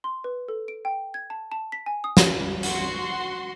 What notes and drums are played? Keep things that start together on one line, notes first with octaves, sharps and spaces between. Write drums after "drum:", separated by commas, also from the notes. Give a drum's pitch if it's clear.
C6
B4
A4
D7
G5
G#6
A5
A5
B6
G#5
D#6
C#5, drum: snare
F#4 C6, drum: hi-hat